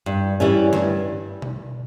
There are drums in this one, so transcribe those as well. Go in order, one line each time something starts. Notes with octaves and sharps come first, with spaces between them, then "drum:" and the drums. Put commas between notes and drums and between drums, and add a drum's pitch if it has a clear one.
G2
E3 G3 C#4 E4
G2, drum: snare
drum: tom B2